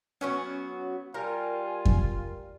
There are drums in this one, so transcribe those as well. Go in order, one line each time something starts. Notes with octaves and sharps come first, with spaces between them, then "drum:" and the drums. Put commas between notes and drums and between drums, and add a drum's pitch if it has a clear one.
F#3 B3 C#4 F#4
G3 F4 A#4 G#5
drum: kick F2